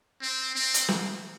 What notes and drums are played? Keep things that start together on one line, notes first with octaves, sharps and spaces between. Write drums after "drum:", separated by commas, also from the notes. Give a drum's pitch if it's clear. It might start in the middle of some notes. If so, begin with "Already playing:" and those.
C4
C4
drum: hi-hat
drum: snare